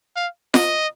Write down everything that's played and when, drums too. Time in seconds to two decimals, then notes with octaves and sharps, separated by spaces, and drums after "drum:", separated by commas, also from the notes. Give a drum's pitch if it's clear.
0.16 F5
0.54 D#5, drum: snare F4